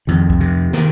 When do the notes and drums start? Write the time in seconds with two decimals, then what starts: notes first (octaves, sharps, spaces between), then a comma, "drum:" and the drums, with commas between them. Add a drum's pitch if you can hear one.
0.07 F2 D#3
0.30 drum: kick C2
0.40 C3
0.73 D#3, drum: snare